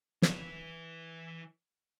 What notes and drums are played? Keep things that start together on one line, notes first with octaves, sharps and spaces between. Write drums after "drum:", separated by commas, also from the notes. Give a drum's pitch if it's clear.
E3 B4, drum: snare